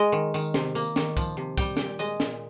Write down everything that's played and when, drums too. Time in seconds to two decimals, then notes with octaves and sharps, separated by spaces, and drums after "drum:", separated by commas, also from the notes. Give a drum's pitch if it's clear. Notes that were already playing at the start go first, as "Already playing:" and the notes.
Already playing: G#3 D#5
0.12 D#3
0.34 D#3, drum: tambourine
0.54 C3, drum: snare
0.75 A#3, drum: tambourine
0.96 D#3, drum: snare
1.17 F3, drum: kick, tambourine
1.37 C3
1.58 G3 G5, drum: kick, tambourine
1.77 A#2 G5, drum: snare
1.99 G#3 D#5, drum: tambourine
2.20 A#2, drum: snare